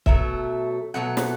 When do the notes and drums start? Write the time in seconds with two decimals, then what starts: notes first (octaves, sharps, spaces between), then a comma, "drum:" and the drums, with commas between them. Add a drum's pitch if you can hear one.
0.06 B2 F#3 A3 E5, drum: kick C#1
0.94 B2 F#3 A3 F#5
1.17 drum: snare